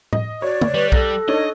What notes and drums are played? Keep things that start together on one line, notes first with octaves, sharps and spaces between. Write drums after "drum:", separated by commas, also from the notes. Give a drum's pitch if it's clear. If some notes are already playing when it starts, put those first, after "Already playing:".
D#5, drum: tom A2
F#4 C#5 D5
drum: tom
G3 B4
A4 F#6 A#6, drum: kick
D4 D#4 C#5 D#5